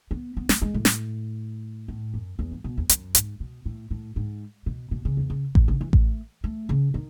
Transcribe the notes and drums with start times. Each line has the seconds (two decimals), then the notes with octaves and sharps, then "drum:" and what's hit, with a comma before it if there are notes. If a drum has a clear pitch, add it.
0.11 B3
0.37 B3
0.49 A3, drum: snare
0.62 G#3
0.74 A2
0.85 drum: snare
1.88 A2
2.14 F#2
2.39 E2
2.51 G#2
2.64 B2
2.77 E2
2.89 F#2, drum: hi-hat
3.15 G#2, drum: hi-hat
3.40 B2
3.65 A2
3.91 A2
4.16 G#2
4.66 B2
4.91 B2
5.05 C#3
5.17 E2
5.30 C#3
5.55 A2, drum: kick A1
5.68 C#3
5.81 E3
5.93 A3, drum: kick A1
6.44 A3
6.69 C#3
6.94 D#3